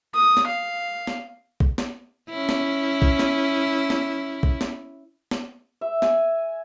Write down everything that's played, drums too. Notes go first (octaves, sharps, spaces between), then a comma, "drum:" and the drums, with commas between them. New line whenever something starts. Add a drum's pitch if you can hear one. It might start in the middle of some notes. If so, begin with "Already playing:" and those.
D#6
drum: snare
F5
drum: snare
drum: kick A#1
drum: snare
C#4 E4
drum: snare
drum: kick A#1
drum: snare
drum: snare
drum: kick A#1
drum: snare
drum: snare
E5
G#5, drum: snare